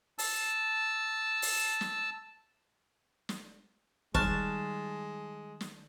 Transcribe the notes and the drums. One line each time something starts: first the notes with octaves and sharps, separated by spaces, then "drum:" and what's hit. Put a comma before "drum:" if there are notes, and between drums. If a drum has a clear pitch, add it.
A5 E6, drum: open hi-hat
drum: open hi-hat
drum: snare
drum: snare
D#3 G3 G#3 A5 C#6 F6 F#6, drum: kick
drum: snare